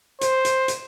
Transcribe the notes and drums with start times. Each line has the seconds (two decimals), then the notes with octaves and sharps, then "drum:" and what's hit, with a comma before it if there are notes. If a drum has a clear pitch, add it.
0.21 C5, drum: hi-hat
0.45 drum: hi-hat
0.68 drum: hi-hat